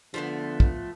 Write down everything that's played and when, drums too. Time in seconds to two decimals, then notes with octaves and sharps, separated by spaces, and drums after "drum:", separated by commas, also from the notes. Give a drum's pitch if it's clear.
0.14 D3 F3 A3 B3
0.60 drum: kick